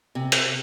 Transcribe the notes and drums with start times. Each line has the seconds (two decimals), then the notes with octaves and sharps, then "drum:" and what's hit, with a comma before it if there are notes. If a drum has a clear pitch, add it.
0.15 C3
0.32 drum: hi-hat